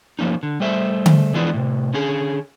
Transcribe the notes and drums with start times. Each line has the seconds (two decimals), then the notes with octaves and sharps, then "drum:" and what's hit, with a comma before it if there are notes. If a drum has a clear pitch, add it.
0.19 F3 A#3 C#4 D#4
0.43 D3
0.60 G3 A3 C5 E5
1.06 drum: tom D3
1.34 E3 F3 G#3 B3 D4 E4
1.54 A2 C3
1.94 D3 C#4 G#4